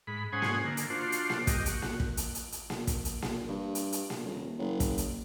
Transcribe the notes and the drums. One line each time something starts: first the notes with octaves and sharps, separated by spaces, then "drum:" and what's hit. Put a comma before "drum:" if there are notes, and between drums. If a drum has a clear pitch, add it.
G#2 B5
G#2 C#4 C5 F#5 G#5 D#6
drum: snare A#3
D3 A#3
drum: hi-hat
D4 F4 F#4 C5
drum: hi-hat
drum: snare A#3
G2 G4 D#5, drum: kick, hi-hat
F#4, drum: hi-hat
drum: snare A#3
drum: kick
drum: hi-hat
drum: hi-hat
drum: hi-hat
drum: snare A#3
drum: kick, hi-hat
drum: hi-hat
drum: snare A#3
G2
drum: hi-hat
drum: hi-hat
drum: snare A#3
D#1
F#1
drum: kick, hi-hat
drum: hi-hat